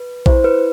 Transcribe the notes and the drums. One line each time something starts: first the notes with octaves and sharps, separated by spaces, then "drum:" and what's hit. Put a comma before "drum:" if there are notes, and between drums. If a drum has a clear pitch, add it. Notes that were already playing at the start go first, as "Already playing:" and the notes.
Already playing: B4
E4 C5, drum: kick A#1
B4